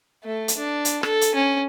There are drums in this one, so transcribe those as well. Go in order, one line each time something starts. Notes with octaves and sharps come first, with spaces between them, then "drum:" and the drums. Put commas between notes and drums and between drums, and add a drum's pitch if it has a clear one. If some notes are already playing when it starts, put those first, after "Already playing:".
A3
drum: hi-hat
D4
drum: hi-hat
A4, drum: rim click
drum: hi-hat
C#4